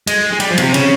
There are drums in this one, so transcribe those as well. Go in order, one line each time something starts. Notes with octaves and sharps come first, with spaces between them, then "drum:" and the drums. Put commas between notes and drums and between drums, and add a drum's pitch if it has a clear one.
G#3, drum: cymbal
G#3
G3, drum: cymbal
F3
B2, drum: cymbal
C3
C#3, drum: cymbal